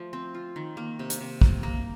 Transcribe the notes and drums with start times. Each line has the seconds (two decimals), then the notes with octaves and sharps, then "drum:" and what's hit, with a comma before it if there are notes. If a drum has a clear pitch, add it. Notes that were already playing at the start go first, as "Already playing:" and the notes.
Already playing: F3 A3
0.13 C4
0.34 F4
0.56 D#3
0.77 A#3
0.99 C3
1.10 drum: hi-hat
1.21 C3
1.41 A#3, drum: kick
1.63 A#3